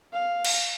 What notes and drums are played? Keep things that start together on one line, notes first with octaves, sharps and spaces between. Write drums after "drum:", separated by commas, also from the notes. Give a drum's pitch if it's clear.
F5
drum: cymbal